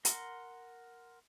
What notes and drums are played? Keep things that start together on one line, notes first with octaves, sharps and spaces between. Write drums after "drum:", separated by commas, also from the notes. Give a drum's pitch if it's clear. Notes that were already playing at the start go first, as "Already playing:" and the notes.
A#4 F#5 A#5 C6, drum: hi-hat